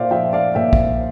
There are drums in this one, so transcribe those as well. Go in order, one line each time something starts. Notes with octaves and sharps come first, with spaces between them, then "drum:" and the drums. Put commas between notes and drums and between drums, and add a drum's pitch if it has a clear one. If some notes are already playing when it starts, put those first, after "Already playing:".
Already playing: A#2 C5 D5 E5 F5
F3 E5 G5
D5 F5
A#2 E5 G5
drum: kick